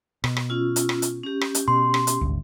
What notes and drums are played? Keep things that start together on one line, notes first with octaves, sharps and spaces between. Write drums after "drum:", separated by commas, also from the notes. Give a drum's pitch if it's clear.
B2, drum: rim click
drum: rim click
C#4 F4 E6
drum: hi-hat
drum: rim click
drum: hi-hat
C#4 G4
drum: rim click
drum: hi-hat
B2 C6
drum: rim click
drum: hi-hat
D#1 G#1 D2